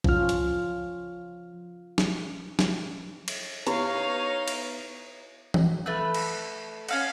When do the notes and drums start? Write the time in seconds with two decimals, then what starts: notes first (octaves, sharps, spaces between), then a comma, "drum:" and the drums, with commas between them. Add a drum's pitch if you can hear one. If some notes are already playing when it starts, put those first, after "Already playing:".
0.04 F3 C#4 F4 F6, drum: kick
0.29 drum: hi-hat
1.98 drum: snare
2.59 drum: snare
3.28 drum: cymbal
3.67 B3 D#4 E4 G4 C#5 F5 B5, drum: hi-hat
4.48 drum: cymbal
5.54 drum: tom E3
5.86 A3 B4 B5 F#6
6.14 drum: cymbal
6.88 C#4 F5 F#5, drum: cymbal